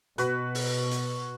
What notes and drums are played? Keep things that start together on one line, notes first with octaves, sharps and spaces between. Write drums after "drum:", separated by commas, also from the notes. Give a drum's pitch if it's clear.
B2 F#4 B4, drum: hi-hat
drum: open hi-hat
drum: hi-hat